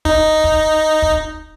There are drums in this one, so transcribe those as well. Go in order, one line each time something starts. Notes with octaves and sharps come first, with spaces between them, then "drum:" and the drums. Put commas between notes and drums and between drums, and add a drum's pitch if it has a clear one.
D#4, drum: kick
drum: kick
drum: kick